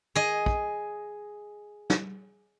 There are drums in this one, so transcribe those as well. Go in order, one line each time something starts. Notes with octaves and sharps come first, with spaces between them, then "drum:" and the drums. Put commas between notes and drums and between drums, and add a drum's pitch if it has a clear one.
G#4 D#5
drum: kick
drum: snare